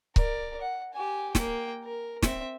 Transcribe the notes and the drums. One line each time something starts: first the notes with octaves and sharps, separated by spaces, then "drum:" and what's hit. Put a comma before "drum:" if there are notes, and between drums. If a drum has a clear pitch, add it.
A#4 D5, drum: kick C#1
F#5
G4 G#5
A#3 G5, drum: snare
A#4
C4 E5, drum: snare